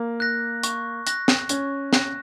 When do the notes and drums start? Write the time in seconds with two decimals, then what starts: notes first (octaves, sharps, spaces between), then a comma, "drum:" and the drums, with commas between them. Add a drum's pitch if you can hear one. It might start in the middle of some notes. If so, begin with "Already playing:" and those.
Already playing: A#3
0.20 F#6 A#6
0.63 C#6, drum: hi-hat
1.07 F#6 A#6, drum: hi-hat
1.28 drum: snare
1.49 C#4 C#6, drum: hi-hat
1.93 F#6 A#6, drum: snare